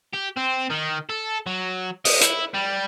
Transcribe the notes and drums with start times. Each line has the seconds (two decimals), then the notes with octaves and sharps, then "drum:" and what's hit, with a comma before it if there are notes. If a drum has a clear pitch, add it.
0.14 G4
0.37 C4
0.70 D#3
1.10 A4
1.46 F#3
2.05 D#5, drum: open hi-hat
2.21 E4, drum: hi-hat
2.54 G3